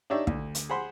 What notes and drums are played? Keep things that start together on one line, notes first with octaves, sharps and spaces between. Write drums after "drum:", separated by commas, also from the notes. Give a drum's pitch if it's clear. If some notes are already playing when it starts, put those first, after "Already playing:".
D4 D#4 G4 C#5 D5 E5
D2, drum: kick
drum: hi-hat
G#4 C5 F#5 B5 C6